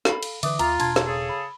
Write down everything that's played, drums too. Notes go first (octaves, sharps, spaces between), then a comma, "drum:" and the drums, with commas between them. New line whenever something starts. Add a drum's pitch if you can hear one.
A4 F5 B5, drum: snare
drum: cymbal
D3 E3 B4 D5 E5 D6 D#6, drum: cymbal
D#2 F4 A#5, drum: cymbal
E1 B2 D4 A5 C6 G#6, drum: cymbal
drum: snare
C#3 G#4 A4
B5